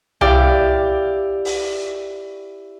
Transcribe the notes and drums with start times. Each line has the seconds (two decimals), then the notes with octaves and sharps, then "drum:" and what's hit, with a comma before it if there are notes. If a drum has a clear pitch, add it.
0.21 E4 G4 D5 F5 G5, drum: tom C2
1.45 drum: open hi-hat